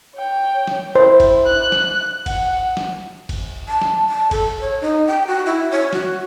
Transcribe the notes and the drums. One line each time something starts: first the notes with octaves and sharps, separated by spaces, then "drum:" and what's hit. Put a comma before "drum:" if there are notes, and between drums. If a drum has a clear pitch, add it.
C#5 G5
drum: snare
E4 C5
drum: kick, cymbal
F#6
drum: snare
F#5, drum: kick, cymbal
drum: snare
drum: kick, cymbal
A5
drum: snare
A5
A4, drum: kick, cymbal
C#5
D#4
G5
F#4
E4
C#5
F#4, drum: snare